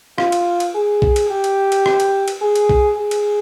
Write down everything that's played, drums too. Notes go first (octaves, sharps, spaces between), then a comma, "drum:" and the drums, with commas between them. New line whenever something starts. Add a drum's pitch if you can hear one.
F4, drum: rim click
drum: cymbal
drum: cymbal
G#4
drum: kick B1
drum: cymbal
G4
drum: cymbal
drum: cymbal
drum: rim click
drum: cymbal
drum: cymbal
G#4
drum: cymbal
drum: kick B1
G#4
drum: cymbal